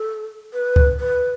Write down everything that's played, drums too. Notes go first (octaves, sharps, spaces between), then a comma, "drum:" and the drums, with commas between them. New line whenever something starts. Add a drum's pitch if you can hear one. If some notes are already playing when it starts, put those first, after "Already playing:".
Already playing: A4
B4
drum: kick C#2
B4